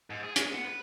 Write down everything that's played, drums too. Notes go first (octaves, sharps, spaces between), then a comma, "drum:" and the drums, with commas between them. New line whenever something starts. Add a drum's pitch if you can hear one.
G#2
G#4
G#4, drum: hi-hat
B3
B4